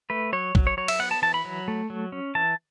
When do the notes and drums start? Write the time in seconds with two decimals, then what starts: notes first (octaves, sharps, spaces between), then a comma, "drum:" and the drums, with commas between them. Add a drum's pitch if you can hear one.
0.10 A3 B4
0.33 F#3 C#5
0.55 F#3, drum: kick
0.67 C#5
0.77 F#3 C#5
0.88 E5, drum: cymbal
0.99 B3 F#5
1.11 A5
1.22 E3 A5
1.34 B5
1.45 F#3
1.68 A3
1.90 F#3
2.12 C#4
2.35 E3 A5